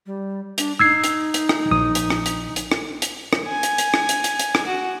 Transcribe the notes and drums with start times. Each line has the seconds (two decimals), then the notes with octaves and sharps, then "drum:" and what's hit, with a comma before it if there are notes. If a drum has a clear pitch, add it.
0.06 G3
0.58 D4, drum: hi-hat
0.79 D#4 E6 G#6 C7
1.04 drum: hi-hat
1.34 drum: hi-hat
1.49 drum: rim click
1.71 A#1 D#6
1.95 drum: hi-hat
2.10 drum: rim click
2.26 drum: hi-hat
2.56 drum: hi-hat
2.72 drum: rim click
3.02 drum: hi-hat
3.33 drum: rim click
3.48 G#5
3.63 drum: hi-hat
3.78 drum: hi-hat
3.94 drum: rim click
4.09 drum: hi-hat
4.24 drum: hi-hat
4.39 drum: hi-hat
4.55 drum: rim click
4.66 F#4